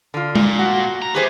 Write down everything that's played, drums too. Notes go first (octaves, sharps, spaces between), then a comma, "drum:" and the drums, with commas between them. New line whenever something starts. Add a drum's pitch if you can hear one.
D3 F4
A#2, drum: tom G#3
F#4
A#5
G4 G#4 B4 C5 E5